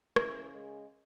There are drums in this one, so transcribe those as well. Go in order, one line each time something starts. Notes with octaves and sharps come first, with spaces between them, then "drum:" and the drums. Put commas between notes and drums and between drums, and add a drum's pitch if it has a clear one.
C#3 E3, drum: rim click
G#3